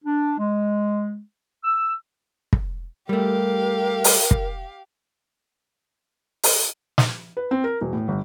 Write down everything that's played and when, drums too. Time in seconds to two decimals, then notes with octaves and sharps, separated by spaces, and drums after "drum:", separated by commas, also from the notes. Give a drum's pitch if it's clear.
0.05 D4
0.39 G#3
1.64 E6
2.53 drum: kick
3.09 G3 A3 G4 A#4 F5
4.04 drum: open hi-hat
4.31 drum: kick
6.43 drum: open hi-hat
6.98 drum: snare
7.37 B4
7.51 C4
7.64 A#4
7.81 E1
7.93 A2
8.08 G1